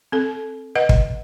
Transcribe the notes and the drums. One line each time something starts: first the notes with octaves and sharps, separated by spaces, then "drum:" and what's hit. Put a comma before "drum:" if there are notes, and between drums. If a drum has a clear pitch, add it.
C4 A4
B4 D#5 F#5
drum: kick